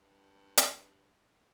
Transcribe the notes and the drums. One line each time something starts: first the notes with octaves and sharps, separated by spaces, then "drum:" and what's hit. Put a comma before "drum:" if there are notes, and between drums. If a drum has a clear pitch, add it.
G2
drum: hi-hat